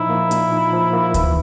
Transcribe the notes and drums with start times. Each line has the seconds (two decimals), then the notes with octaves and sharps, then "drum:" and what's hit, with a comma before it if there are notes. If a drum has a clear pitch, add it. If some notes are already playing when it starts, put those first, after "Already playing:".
Already playing: A#2 F3 D#4 E4
0.10 A#3
0.31 A#2, drum: hi-hat
0.52 D#4
0.73 F3
0.93 A#3
1.14 E3, drum: kick D2, hi-hat